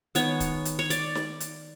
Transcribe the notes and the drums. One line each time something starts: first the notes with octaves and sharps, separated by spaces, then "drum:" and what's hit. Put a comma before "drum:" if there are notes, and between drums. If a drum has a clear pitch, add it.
D#3 G#3 B3 C#5, drum: hi-hat
drum: kick, hi-hat
drum: hi-hat
C#5
D5, drum: hi-hat
drum: snare
drum: hi-hat